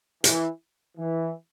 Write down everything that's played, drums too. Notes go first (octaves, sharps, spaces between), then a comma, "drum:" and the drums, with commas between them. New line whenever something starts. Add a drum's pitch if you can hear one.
E3, drum: hi-hat
E3